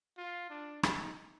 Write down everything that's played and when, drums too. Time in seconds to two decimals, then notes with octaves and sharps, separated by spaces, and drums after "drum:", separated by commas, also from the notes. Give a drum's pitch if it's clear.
0.18 F4
0.50 D4
0.83 D#4, drum: rim click